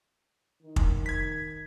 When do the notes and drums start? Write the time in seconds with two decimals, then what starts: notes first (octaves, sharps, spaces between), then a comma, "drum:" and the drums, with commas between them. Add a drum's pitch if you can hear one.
0.63 D#3
0.76 drum: kick
1.06 G#6 B6